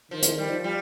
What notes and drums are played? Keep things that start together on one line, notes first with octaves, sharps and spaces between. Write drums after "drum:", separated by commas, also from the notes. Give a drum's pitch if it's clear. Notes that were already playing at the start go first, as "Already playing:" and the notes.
D#3 F3
drum: hi-hat
G3
F3
G3